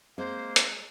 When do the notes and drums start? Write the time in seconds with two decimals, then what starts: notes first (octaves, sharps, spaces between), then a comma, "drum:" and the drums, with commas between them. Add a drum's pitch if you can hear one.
0.18 G#3 A#3 C4 C5
0.56 drum: hi-hat